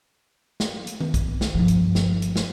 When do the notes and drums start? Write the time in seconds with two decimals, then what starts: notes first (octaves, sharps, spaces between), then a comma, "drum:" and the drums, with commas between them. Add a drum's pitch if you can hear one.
0.60 drum: snare
0.87 drum: hi-hat
1.00 drum: tom D#3
1.14 drum: kick, hi-hat
1.41 drum: snare
1.55 G1 F3
1.68 drum: hi-hat
1.95 drum: snare
2.22 drum: hi-hat
2.36 drum: snare